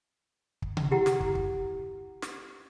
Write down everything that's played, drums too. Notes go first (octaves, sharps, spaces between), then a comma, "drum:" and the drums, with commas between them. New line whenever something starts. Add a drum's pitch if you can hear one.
drum: kick
drum: tom C3
E4 G4 F#5 A#5
drum: snare
drum: kick
drum: kick
drum: snare